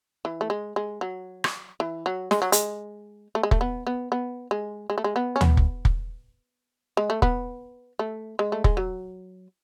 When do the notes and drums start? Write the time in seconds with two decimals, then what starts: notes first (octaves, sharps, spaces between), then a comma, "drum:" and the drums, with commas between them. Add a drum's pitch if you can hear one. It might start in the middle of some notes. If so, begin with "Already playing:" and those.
0.25 E3
0.41 A3
0.50 G#3
0.76 G#3
1.01 F#3
1.44 drum: rim click
1.80 E3
2.06 F#3
2.31 G#3, drum: snare
2.42 F#3
2.52 G#3, drum: hi-hat
3.35 A3
3.43 G#3
3.51 A3, drum: kick
3.61 B3
3.87 B3
4.12 B3
4.51 G#3
4.90 G#3
4.98 A3
5.04 G#3
5.16 B3
5.36 C#4
5.41 B3, drum: tom D2
5.57 drum: kick
5.85 drum: kick
6.97 G#3
7.10 A3
7.22 B3, drum: kick
7.99 A3
8.39 G#3
8.52 A3
8.64 G#3, drum: kick
8.77 F#3